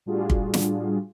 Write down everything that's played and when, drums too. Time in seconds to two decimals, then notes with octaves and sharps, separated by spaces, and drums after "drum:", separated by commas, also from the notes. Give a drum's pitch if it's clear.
0.06 A2 G3 D4 F4 F#4 G#4
0.30 drum: kick
0.54 drum: snare